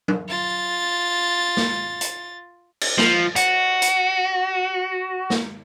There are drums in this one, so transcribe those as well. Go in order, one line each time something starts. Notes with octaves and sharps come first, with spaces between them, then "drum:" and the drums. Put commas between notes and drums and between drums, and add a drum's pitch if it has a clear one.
drum: tom F#3
F4 A6
drum: snare
drum: hi-hat
drum: cymbal
F3, drum: snare
F#4, drum: hi-hat
drum: hi-hat
drum: snare